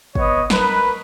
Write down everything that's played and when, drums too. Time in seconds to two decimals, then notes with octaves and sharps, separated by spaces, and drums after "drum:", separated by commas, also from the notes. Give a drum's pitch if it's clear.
0.15 B3 C#5 D#5, drum: kick
0.50 A#4 B4, drum: snare